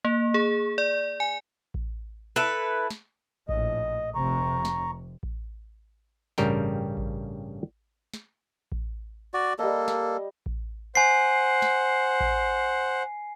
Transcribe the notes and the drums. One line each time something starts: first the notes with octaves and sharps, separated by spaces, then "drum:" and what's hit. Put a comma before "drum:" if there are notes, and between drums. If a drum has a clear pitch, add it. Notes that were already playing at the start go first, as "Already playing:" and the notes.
A#3
G#4
D5
G#5
drum: kick A1
E4 A4 B4
drum: snare
A#1 A2 D#5, drum: kick A1
F1 C3 A#5 C#6
drum: snare
drum: kick A1
A1 G2 C#3 G3 A#4 G5, drum: snare
drum: kick A1
drum: snare
drum: kick A1
F#4 D5
G3 A#3 A4 D#5
drum: snare
drum: kick A1
C5 F#5 G#5 C7
drum: snare
drum: kick A1